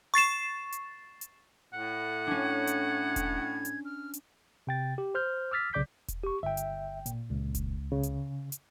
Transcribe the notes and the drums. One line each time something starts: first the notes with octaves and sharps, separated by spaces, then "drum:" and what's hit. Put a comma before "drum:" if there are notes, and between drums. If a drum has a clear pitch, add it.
C#6 A6 C7 E7
drum: hi-hat
drum: hi-hat
A2 F#5
C#4 D4 G#6
drum: hi-hat
drum: kick E1, hi-hat
drum: hi-hat
F6
drum: hi-hat
C3 G5 A6
G4
C5 F6 G6
D6 E6 F6 A6 B6
B1 C#3 D5 D6 G6 B6
drum: kick E1, hi-hat
G4 C#6
G1 E5 G5
drum: hi-hat
A#2, drum: hi-hat
C#2
drum: kick E1, hi-hat
C#3
drum: hi-hat
drum: hi-hat